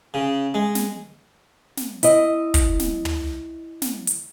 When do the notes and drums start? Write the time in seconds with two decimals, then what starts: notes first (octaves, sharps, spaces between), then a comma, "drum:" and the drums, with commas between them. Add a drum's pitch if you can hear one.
0.14 C#3
0.54 G#3
0.75 drum: snare
1.77 drum: snare
2.03 E4 D#5, drum: hi-hat
2.54 drum: kick, hi-hat
2.79 drum: snare
3.05 drum: tom
3.82 drum: snare
4.07 drum: hi-hat